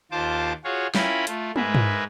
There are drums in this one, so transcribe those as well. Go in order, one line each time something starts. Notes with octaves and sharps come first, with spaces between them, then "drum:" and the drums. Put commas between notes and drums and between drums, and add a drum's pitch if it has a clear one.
D#2 F4 C5 A5 D6
F4 F#4 G#4 C#5 F5
C#4 E4 F4 A#4 G5 B5, drum: snare
A3 F4, drum: hi-hat
G#2 G#4 A#4 B4 E5, drum: tom
drum: tom